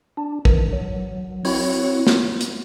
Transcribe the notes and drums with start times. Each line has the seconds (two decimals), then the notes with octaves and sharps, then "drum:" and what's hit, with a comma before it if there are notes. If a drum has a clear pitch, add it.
0.17 D4
0.45 D#3 E3, drum: kick A1
0.73 F#3
1.45 C4 E4 F#4 C#5, drum: open hi-hat
2.07 F4, drum: snare
2.41 drum: hi-hat